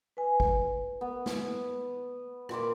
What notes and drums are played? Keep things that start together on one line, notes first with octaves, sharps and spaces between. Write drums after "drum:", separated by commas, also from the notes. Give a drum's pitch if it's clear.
B4 G#5
drum: kick
B3
drum: snare
A#2 C6 D6, drum: rim click